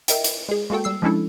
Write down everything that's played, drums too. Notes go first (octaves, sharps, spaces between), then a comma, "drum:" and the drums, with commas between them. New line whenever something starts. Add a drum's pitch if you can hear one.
A#4 D#5 E5 G5, drum: hi-hat
drum: hi-hat
G#3 G#4
G#3 A#3 F#4 A4 G5
G3 E6 C7
F3 G#3 C#4 D4 E4 A4